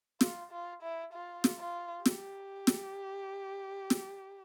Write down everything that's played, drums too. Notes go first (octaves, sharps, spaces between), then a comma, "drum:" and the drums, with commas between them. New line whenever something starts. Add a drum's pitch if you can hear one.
F4, drum: snare
F4
E4
F4
drum: snare
F4
G4, drum: snare
drum: snare
drum: snare